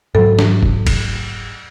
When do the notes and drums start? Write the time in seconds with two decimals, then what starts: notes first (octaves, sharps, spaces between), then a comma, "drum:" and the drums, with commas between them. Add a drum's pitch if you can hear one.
0.15 G#2 F#3 A4
0.39 drum: snare
0.63 drum: kick F1
0.87 drum: kick F1, cymbal